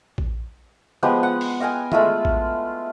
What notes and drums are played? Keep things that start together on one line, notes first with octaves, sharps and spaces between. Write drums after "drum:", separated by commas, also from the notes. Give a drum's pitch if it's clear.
drum: kick A1
F3 G#3 B3 G4
F#5
drum: open hi-hat
D#5 F5 G5 G#5
G#3 A3 F4 E5, drum: tom
drum: kick A1